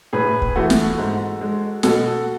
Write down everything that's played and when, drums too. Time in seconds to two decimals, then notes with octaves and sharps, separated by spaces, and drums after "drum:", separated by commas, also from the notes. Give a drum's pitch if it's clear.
0.13 A2 G#4 B4
0.42 drum: kick
0.56 E3 A3 F#4 A4
0.70 drum: snare
0.98 G#2
1.41 G#3
1.83 B2 F#4 A4, drum: snare